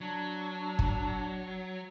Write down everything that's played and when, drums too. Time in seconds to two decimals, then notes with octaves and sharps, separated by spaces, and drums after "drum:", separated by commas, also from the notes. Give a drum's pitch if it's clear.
0.01 F#3 D4
0.79 drum: kick